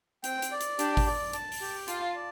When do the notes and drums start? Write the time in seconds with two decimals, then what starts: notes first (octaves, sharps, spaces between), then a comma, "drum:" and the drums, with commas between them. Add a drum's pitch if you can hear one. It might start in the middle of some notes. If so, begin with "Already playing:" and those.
0.24 C4 G5, drum: hi-hat
0.42 drum: hi-hat
0.52 D5
0.61 drum: hi-hat
0.79 D4 G4, drum: hi-hat
0.97 drum: kick G#1, open hi-hat
1.06 D5
1.33 A5, drum: hi-hat
1.52 drum: open hi-hat
1.61 G4
1.88 F4 A5, drum: hi-hat
2.15 D5